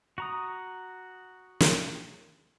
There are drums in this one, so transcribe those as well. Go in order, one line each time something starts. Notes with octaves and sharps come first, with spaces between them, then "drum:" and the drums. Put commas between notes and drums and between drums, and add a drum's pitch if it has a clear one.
F#4 A#5 D#6
drum: snare